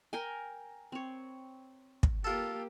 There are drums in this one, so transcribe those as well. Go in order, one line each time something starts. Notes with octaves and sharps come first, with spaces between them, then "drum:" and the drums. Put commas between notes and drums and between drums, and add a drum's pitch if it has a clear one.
A#4 G5 G#5
C4 C#5
drum: kick
A#3 F4 G4 A4